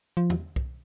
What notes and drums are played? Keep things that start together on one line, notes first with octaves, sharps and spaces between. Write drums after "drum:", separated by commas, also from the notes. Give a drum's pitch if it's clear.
F3
drum: tom E2
drum: kick